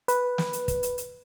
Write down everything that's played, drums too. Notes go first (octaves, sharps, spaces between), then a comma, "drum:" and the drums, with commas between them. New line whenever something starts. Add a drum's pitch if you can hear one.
B4, drum: hi-hat
drum: snare
drum: hi-hat
drum: kick, hi-hat
drum: hi-hat
drum: hi-hat